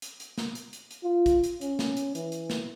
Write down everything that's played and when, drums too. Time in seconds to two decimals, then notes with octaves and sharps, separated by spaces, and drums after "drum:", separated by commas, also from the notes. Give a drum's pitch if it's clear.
0.02 drum: hi-hat
0.20 drum: hi-hat
0.38 drum: snare
0.55 drum: hi-hat
0.73 drum: hi-hat
0.91 drum: hi-hat
1.03 F4
1.26 drum: kick, hi-hat
1.44 drum: hi-hat
1.61 C#4, drum: hi-hat
1.79 drum: snare
1.97 drum: hi-hat
2.15 E3, drum: hi-hat
2.32 drum: hi-hat
2.50 drum: snare